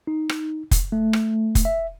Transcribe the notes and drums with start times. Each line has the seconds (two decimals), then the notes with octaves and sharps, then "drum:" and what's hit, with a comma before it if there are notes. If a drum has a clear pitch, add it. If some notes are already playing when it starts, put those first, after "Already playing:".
0.07 D#4
0.29 drum: rim click
0.71 drum: kick F1, hi-hat
0.92 A3
1.13 drum: rim click
1.55 drum: kick F1, hi-hat
1.65 E5